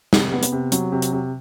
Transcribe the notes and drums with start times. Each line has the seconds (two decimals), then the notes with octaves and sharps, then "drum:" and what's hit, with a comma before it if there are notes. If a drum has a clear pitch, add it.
0.13 C3, drum: snare
0.33 B3
0.43 drum: hi-hat
0.52 C3
0.72 F#3, drum: hi-hat
0.92 C3
1.02 drum: hi-hat
1.13 C3